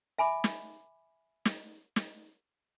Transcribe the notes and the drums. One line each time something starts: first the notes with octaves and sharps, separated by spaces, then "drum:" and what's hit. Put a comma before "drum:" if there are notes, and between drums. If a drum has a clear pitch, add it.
E5 G#5 B5 D6
drum: snare
drum: snare
drum: snare